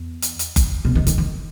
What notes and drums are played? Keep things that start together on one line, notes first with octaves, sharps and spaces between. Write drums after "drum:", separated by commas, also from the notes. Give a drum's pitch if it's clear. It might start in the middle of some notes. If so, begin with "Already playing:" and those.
Already playing: E2
drum: hi-hat
drum: hi-hat
drum: kick F#1, hi-hat
B2
D#3
D#3, drum: hi-hat
D#3